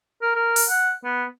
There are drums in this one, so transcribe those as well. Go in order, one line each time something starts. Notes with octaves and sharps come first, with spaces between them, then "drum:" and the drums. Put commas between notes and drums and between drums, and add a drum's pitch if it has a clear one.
A#4
A#4
drum: open hi-hat
F#5
B3